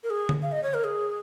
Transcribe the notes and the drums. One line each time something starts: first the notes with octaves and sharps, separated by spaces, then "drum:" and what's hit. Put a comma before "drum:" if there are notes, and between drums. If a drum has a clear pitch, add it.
A#4
G#4
drum: tom D3
F5
D#5
C#5
A#4
G#4